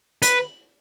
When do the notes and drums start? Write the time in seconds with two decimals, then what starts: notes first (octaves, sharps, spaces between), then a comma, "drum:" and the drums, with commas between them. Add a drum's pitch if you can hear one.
0.22 B4, drum: hi-hat